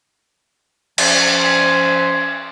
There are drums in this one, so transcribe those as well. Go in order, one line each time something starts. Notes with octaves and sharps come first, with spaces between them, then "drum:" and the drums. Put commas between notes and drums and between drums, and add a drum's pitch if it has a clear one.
F3 C#4 E5 G#5 C6, drum: cymbal